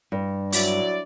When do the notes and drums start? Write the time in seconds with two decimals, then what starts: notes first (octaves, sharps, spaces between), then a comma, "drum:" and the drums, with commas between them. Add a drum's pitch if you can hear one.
0.12 G2
0.52 F#3 E4 D5, drum: open hi-hat